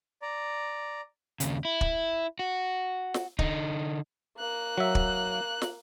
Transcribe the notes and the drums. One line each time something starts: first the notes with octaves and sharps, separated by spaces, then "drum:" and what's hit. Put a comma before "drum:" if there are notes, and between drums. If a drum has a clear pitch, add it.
D5 A#5
D#2 C#3, drum: hi-hat
E4
drum: kick
F#4
drum: snare
D3 D#4, drum: kick
A#3 F#6
F#3 E5
drum: kick
drum: snare